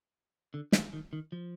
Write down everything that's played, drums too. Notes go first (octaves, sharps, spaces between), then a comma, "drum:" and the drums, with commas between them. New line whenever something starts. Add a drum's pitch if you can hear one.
D3
D#3, drum: snare
D#3
D#3
F3